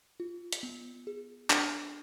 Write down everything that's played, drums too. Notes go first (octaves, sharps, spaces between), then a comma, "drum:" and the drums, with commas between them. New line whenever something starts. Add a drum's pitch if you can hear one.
F4
drum: hi-hat
B3
G#4
D4, drum: clap